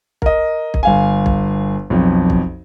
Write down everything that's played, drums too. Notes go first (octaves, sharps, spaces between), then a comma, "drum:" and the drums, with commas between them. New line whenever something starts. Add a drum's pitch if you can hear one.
A#4 D#5, drum: kick
drum: kick
G1 F5 G#5
drum: kick
B1 F2
drum: kick